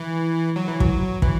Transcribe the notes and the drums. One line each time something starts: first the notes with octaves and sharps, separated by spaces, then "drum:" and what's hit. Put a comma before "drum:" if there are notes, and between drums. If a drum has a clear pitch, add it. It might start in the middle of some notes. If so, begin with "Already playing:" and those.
Already playing: E3
F#3
E3
F#3, drum: kick
E3, drum: kick